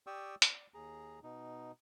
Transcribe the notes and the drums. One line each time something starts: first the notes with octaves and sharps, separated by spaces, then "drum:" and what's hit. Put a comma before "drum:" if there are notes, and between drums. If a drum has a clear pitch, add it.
G4 D5 G5 C#6 D#6 E6
D5, drum: hi-hat
D#2 G#4 A#5
B2 D#4